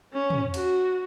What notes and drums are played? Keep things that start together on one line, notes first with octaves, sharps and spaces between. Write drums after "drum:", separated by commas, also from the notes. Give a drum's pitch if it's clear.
C#4
drum: tom
F#4, drum: cymbal